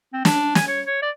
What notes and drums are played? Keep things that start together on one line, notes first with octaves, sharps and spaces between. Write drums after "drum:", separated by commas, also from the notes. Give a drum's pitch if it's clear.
C4
D4, drum: snare
G#5, drum: snare
C#5
C#5
D5